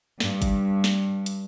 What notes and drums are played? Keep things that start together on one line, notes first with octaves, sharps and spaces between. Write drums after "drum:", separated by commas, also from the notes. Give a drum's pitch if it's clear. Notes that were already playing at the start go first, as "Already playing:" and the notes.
G2, drum: snare
drum: kick, hi-hat
drum: snare
drum: hi-hat